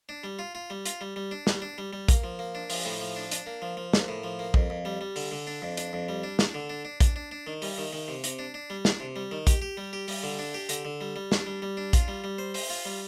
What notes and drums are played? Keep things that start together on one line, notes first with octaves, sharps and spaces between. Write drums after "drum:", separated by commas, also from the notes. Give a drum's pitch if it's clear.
D4
G3
F4
F4
G3
F4, drum: hi-hat
G3
G3
D4
G3, drum: snare
D4
G3
G3
A#3, drum: kick, hi-hat
F3
A#3
D4
F3, drum: open hi-hat
A2
F3
D4
D4, drum: hi-hat
A#3
F3
F3
A#3, drum: snare
A2
F3
A#3
F2, drum: kick
F2
G3
G3
D3, drum: open hi-hat
D3
D4
F2
D4, drum: hi-hat
F2
G3
D4
D4, drum: snare
D3
D4
D4
D4, drum: kick, hi-hat
D4
D4
D#3
G3, drum: open hi-hat
D#3
D#3
C3
C3, drum: hi-hat
D4
D4
G3
D4, drum: snare
C3
G3
D#3
G4, drum: kick, hi-hat
G4
G3
G4
G3, drum: open hi-hat
D3
D4
G4
D3, drum: hi-hat
D3
G3
G3
D4, drum: snare
G3
G3
D4
F4, drum: kick, hi-hat
G3
G3
C5
C5, drum: open hi-hat
F4
G3